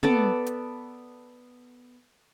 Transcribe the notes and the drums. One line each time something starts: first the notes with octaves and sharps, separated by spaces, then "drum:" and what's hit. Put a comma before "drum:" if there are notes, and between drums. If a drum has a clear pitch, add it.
B3 A4 D5, drum: tom
drum: hi-hat